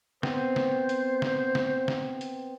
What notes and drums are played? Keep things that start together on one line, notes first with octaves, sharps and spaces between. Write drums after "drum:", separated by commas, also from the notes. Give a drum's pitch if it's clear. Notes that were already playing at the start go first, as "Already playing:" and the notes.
B3 C4 C5, drum: snare
drum: snare
drum: hi-hat
drum: snare
drum: snare
drum: snare
drum: hi-hat